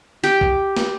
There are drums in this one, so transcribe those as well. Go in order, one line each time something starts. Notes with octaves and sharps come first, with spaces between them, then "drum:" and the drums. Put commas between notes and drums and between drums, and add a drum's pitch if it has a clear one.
G4
drum: kick A#1
drum: snare